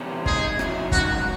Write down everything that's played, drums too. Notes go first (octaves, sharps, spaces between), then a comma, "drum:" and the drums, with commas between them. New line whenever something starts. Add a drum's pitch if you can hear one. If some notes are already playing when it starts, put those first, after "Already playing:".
Already playing: E2 C3 C#4
C#3 G#3 D#4 G#4, drum: kick
F#3 C#4 E4, drum: rim click
G#2 D#3 F#3 F#4, drum: kick